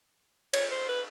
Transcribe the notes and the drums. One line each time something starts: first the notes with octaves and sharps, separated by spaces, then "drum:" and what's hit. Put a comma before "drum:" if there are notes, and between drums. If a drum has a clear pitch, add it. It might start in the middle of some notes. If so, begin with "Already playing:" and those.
C#5, drum: cymbal
C5
B4